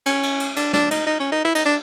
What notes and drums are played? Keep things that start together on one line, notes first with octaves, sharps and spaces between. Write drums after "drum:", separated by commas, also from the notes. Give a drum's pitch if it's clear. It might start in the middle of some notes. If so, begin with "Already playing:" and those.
C#4, drum: cymbal
drum: cymbal
drum: cymbal
D4, drum: cymbal
D4, drum: snare
D#4, drum: cymbal
D#4
C#4
D#4
E4
D#4, drum: cymbal
D4